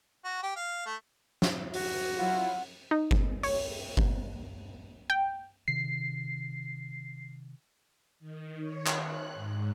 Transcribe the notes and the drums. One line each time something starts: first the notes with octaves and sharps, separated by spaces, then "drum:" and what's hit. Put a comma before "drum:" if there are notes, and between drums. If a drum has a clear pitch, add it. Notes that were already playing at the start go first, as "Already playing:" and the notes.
F#4
G4
F5
A3
drum: snare
F#4, drum: open hi-hat
F#3 E4 F4 F#5
D#4
drum: kick G1
C#5, drum: open hi-hat
drum: kick G1
G5
C3 D#3 C7
D#3
C#5
drum: clap
F#6
G#2